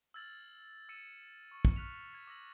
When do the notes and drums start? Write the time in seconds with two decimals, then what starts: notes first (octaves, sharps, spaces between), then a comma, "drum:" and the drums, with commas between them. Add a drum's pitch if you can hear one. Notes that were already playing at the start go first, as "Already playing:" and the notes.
0.14 E6 F6 G#6 A6 F#7
0.89 E6 C#7 D#7 E7
1.51 C#6
1.65 drum: kick
1.76 C#6 F6 F#6 B6 F7
2.13 G#6 B6
2.27 D6 E6 A#6 F#7